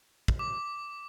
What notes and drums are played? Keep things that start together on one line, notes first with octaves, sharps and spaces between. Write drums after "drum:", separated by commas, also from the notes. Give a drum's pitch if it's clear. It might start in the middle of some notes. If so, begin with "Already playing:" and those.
drum: kick
D6